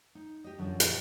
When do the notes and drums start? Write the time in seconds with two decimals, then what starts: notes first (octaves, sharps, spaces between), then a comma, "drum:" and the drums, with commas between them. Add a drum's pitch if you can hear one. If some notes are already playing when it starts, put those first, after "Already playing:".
0.15 D#4
0.44 G4 D#5
0.58 F#2 D3 E3 F3 G3
0.80 A#2 C#4, drum: hi-hat